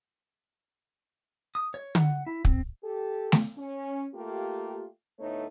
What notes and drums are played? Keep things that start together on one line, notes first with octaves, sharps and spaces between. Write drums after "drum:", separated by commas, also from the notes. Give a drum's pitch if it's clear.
D#6
C#5
F#5, drum: tom D3
E4
C4, drum: kick
G4 A4
drum: snare A3
C#4
A3 A#3 F4 G4
D2 A2 A3 B3 D#4 C#5